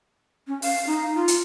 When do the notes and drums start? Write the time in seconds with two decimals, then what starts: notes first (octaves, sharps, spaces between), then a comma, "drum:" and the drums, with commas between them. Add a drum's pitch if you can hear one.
0.48 C#4
0.62 F5, drum: open hi-hat
0.87 D#4
1.15 F4
1.28 drum: hi-hat